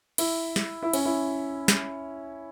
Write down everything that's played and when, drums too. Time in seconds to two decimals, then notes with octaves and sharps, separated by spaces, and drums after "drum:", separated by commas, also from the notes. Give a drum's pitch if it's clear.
0.18 E4, drum: cymbal
0.56 drum: snare
0.82 E4
0.93 C#4, drum: cymbal
1.05 E4
1.68 drum: snare